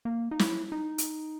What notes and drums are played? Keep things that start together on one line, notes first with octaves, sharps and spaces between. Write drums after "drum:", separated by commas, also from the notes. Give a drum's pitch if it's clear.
A#3
D#4
E4, drum: snare
D#4
drum: hi-hat